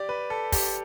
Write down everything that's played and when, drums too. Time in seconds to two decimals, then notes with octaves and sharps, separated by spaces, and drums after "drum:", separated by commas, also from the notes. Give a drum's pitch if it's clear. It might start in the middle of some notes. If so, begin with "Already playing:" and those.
Already playing: G4 D5
0.09 B4
0.30 A4
0.52 G4, drum: kick, open hi-hat